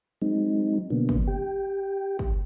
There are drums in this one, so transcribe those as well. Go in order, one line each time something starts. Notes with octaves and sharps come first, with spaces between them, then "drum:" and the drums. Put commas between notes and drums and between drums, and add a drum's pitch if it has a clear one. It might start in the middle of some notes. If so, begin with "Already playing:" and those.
F#3 G#3 C4 D#4
B2 D3 F#3 A#3 B3 D4
drum: kick
G4 G5
drum: kick